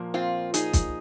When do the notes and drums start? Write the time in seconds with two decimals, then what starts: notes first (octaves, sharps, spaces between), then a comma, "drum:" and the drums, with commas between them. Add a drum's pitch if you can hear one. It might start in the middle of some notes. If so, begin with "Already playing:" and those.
Already playing: A#2 F3 A#3
0.14 C4 F4
0.54 D#4 G#4, drum: hi-hat
0.73 drum: kick, hi-hat